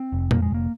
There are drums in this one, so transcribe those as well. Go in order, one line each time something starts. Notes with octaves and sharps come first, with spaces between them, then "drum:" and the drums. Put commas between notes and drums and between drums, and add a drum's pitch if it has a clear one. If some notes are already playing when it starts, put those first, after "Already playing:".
Already playing: C4
F1
F2 A#3, drum: tom
G#3
F1 A#3